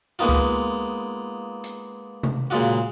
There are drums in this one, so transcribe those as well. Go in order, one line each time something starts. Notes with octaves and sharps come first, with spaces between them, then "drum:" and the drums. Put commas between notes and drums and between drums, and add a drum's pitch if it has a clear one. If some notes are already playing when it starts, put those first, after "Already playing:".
G#3 A#3 B3 D#4 F4
drum: kick C#2
drum: hi-hat
drum: tom C3
A#2 C#3 G#3 F4 F#4